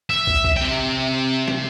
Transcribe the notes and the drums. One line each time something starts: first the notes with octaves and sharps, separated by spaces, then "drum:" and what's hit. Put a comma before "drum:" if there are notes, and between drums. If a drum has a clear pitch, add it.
E5
drum: kick
drum: kick
C3 G5
drum: snare